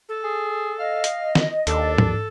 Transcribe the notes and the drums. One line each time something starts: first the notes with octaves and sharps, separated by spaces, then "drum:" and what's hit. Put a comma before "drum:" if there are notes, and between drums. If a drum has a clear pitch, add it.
A4
G#4
D#5 F5
drum: hi-hat
drum: snare
D#2 D4 A4, drum: hi-hat
drum: tom